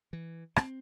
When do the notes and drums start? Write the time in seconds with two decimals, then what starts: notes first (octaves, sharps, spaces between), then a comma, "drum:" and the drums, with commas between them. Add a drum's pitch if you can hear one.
0.13 E3
0.56 C4, drum: rim click